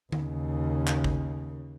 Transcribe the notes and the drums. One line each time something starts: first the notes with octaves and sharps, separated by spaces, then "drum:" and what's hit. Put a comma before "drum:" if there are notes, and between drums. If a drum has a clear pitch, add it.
D#2 C#3, drum: tom D3
drum: clap
drum: kick A1